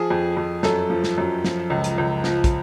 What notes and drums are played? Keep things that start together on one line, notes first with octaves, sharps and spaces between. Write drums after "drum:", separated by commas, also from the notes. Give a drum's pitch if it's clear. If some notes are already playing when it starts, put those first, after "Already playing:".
Already playing: F3 G#4
F2
F2
F#2 A4, drum: snare
F3
drum: snare
F#2
F3, drum: snare
C#2
drum: hi-hat
C#2
F3, drum: snare
drum: kick, hi-hat